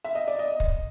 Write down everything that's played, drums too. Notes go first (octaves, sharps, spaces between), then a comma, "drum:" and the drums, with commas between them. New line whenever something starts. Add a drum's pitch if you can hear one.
E5
D#5
D5
D#5
drum: kick